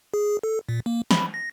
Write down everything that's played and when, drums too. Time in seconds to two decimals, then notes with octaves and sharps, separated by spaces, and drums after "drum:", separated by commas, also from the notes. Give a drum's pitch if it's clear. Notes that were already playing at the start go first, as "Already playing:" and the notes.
0.14 G#4
0.43 A4
0.69 A#2
0.86 A#3
1.11 B5, drum: snare
1.34 A#6